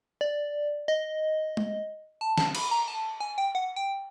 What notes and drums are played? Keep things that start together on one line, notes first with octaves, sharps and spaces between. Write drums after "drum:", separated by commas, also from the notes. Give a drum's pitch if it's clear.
D5
D#5
drum: tom G#3
A5
A5, drum: snare
B5, drum: cymbal
A#5
A5
G#5
G5
F#5
G5